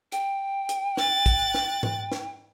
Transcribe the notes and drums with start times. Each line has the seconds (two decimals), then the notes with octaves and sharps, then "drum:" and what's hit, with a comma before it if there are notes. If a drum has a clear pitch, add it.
0.12 G5, drum: hi-hat
0.69 drum: hi-hat
0.97 F#6 A6, drum: snare
1.26 drum: kick, hi-hat
1.54 drum: snare
1.83 drum: tom G#2
2.12 drum: snare